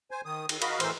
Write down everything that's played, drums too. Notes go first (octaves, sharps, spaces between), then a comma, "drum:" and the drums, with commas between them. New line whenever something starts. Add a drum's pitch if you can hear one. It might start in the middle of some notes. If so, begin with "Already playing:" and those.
C5 G#5
D#3 D#6
D#3, drum: cymbal
F#4 A#4 D#5 F5 B5, drum: cymbal
A2 E3 A#4 C5 C6 E6, drum: cymbal